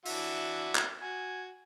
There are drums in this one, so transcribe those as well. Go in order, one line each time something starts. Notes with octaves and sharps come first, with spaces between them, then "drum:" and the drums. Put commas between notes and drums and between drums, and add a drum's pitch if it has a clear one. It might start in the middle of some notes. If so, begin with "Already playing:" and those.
E3 D4 F#4 E5, drum: open hi-hat
drum: clap
F#4 G#5